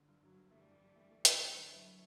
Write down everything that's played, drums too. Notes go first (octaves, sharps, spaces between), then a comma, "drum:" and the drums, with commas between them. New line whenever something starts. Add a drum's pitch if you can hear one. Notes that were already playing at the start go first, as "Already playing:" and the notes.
Already playing: D3
G2
D3 F#3
G2
E3 G3 A3
G2
G2
A3
A3
D3, drum: hi-hat
A3
G2
F#3 A3 E4
E4